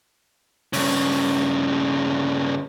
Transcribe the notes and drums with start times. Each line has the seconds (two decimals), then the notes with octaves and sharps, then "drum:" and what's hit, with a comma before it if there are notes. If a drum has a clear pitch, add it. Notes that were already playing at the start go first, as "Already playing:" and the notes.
0.73 G2 C#3, drum: open hi-hat